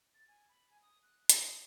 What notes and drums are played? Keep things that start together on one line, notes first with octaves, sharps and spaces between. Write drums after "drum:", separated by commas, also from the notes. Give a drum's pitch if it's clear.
A6
G#5
B5
G#5
D#6
F#6
F#7, drum: hi-hat
D#6